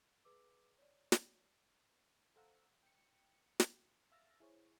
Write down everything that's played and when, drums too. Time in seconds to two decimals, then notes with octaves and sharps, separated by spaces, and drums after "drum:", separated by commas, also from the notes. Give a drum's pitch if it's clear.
0.24 G#4 B4 D6 E6
0.78 C#5 D5
1.12 drum: snare
2.36 A4 C5 F5 F#5 A#5 E6
2.83 G5 C#7
3.60 drum: snare
4.12 E5 F5 E6 F6 A6 A#6
4.40 E4 G#4 C5 C#5